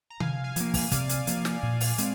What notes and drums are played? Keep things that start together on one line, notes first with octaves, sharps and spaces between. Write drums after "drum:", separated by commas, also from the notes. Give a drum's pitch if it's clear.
A#5
C3 F5 G#5, drum: tom D3
F5 G#5
F3 A#3, drum: hi-hat
drum: kick, open hi-hat
C3 D5 F5, drum: kick, hi-hat
drum: hi-hat
F3 A#3, drum: hi-hat
drum: snare
A#2
drum: open hi-hat
G#3 C4, drum: hi-hat